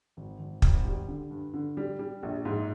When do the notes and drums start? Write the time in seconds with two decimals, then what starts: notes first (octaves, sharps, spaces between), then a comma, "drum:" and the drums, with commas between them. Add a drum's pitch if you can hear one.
0.17 G#1
0.39 G#1
0.62 G#1, drum: kick
0.85 G3
1.08 D3
1.31 G2
1.54 D3
1.77 G3
1.99 G3
2.23 A#1
2.45 G#2